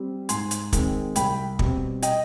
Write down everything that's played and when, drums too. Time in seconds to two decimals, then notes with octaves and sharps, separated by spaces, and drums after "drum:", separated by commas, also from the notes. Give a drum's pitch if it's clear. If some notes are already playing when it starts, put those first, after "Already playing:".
Already playing: G3 C4
0.29 G#2 G#5 C6, drum: hi-hat
0.51 drum: hi-hat
0.73 D#3 G#3 C4, drum: kick, hi-hat
1.16 C2 G5 B5, drum: hi-hat
1.59 B2 G3 C4, drum: kick
2.02 D#5 G5, drum: hi-hat